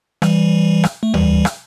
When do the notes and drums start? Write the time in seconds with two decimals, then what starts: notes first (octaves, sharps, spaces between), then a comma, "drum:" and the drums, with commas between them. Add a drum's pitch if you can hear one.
0.22 E3 G3, drum: rim click
0.84 drum: rim click
1.03 A3
1.14 E3 G3, drum: tom D#2
1.45 drum: rim click